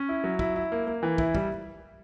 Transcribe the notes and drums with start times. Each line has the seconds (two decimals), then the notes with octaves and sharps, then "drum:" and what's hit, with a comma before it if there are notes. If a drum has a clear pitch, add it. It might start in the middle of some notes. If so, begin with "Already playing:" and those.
Already playing: C#4
0.09 E4
0.24 F#3
0.39 E4, drum: kick
0.56 E4
0.72 A#3
0.87 A#3
1.03 E3
1.18 E4, drum: kick
1.35 G3, drum: kick